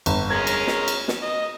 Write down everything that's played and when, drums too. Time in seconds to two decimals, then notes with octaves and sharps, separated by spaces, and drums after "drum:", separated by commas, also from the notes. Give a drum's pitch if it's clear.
0.06 G1, drum: cymbal
0.30 G#3 C#4 A#4 G#6
0.47 drum: cymbal
0.67 drum: snare
0.88 drum: cymbal
1.08 drum: snare
1.23 D#5